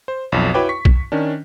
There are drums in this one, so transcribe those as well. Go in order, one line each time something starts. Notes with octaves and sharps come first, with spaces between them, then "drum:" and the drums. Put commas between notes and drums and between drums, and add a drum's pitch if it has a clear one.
C5
B1 F2
E4 F#4 B4 C#5 G5 D6
C#6 B6
drum: kick
D#3 C#4 D4